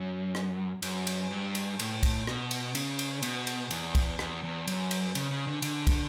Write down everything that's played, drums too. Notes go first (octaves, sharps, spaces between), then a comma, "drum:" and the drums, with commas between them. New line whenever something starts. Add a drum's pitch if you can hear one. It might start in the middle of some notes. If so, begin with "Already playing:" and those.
Already playing: F#2
drum: rim click
F#2, drum: cymbal
drum: cymbal
G2
drum: cymbal
A2, drum: cymbal
drum: kick, cymbal
B2, drum: rim click
drum: cymbal
C#3, drum: cymbal
drum: cymbal
B2, drum: cymbal
drum: cymbal
E2, drum: cymbal
drum: kick, cymbal
E2, drum: rim click
E2
F#2, drum: cymbal
drum: cymbal
C#3, drum: cymbal
C#3
D3
D3, drum: cymbal
drum: kick, cymbal